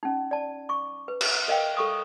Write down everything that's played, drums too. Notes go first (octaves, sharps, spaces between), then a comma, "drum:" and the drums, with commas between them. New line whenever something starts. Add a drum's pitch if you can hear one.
C#4 D#4
D5 A5
C#6 D6
B4
drum: cymbal
A#4 D#5 F5 G5
A4 C#6 D#6